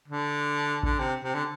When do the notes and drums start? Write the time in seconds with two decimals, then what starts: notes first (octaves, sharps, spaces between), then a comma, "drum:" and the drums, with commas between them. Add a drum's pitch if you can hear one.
0.08 D3
0.83 D3, drum: kick A1
0.99 C3
1.24 C3
1.34 D3